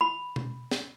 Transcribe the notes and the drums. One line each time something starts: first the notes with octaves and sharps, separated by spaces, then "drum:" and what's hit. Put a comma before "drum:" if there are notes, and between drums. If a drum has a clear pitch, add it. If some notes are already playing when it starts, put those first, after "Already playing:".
B5
drum: tom B2
drum: snare